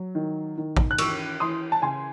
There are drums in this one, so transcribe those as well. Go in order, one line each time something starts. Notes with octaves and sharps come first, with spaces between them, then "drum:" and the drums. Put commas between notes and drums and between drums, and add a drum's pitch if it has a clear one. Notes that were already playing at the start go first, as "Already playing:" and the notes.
Already playing: F#3
D#3
D#3
drum: kick
F#6
E3 C#6 E6, drum: cymbal
E3 C6 D#6
A5
C#3 G#5 C6